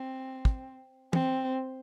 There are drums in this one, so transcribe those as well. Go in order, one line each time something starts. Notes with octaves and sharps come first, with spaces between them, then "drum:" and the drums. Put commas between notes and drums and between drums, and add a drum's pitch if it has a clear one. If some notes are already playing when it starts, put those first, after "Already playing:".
Already playing: C4
drum: kick
C4, drum: tom E3